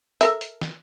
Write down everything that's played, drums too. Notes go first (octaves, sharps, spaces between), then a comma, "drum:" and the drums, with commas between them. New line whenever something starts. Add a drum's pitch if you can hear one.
A4 A#4 E5, drum: hi-hat
drum: hi-hat
drum: snare